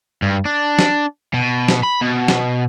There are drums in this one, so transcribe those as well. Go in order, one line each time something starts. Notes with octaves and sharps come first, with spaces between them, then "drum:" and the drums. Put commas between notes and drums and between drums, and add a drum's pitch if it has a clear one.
G2
D4
drum: snare
B2
drum: snare
B5
B2
drum: snare